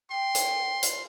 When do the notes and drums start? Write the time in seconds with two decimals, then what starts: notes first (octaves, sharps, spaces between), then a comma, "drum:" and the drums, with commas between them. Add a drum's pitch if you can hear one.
0.11 G5 C6
0.35 drum: hi-hat
0.83 drum: hi-hat